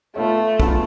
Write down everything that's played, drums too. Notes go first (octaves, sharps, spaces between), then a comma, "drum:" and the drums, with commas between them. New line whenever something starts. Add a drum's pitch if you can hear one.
A3 B3 F4 A4 C#5
F#3 B3 D4 F4 G#4, drum: kick